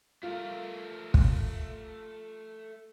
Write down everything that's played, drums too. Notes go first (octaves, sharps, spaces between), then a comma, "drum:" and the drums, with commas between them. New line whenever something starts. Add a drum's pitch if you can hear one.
A3 F4 A#4
drum: kick